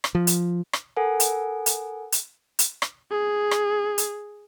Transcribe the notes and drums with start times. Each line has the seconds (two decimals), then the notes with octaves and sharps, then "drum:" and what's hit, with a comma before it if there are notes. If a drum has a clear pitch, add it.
0.04 drum: rim click
0.15 F3
0.27 drum: hi-hat
0.73 drum: rim click
0.97 A4 A#4 F#5 G#5
1.20 drum: hi-hat
1.66 drum: hi-hat
2.12 drum: hi-hat
2.59 drum: hi-hat
2.82 drum: rim click
3.11 G#4
3.51 drum: rim click
3.98 drum: hi-hat